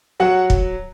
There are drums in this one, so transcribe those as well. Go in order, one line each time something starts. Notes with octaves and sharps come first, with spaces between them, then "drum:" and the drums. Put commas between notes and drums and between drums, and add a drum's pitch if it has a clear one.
F#3 F#4 F#5
drum: kick